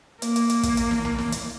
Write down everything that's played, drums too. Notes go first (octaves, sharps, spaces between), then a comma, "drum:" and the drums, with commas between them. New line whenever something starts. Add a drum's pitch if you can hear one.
A#3, drum: hi-hat
drum: hi-hat
drum: hi-hat
drum: kick, hi-hat
drum: hi-hat
drum: snare
drum: tom B1
drum: snare
drum: hi-hat